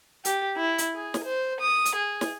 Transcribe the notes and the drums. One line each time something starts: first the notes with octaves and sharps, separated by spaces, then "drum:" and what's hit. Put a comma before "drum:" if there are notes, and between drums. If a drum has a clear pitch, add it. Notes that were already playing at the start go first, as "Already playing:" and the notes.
G4, drum: hi-hat
E4
drum: hi-hat
G#4
drum: snare
C5
D#6
drum: hi-hat
G#4
drum: snare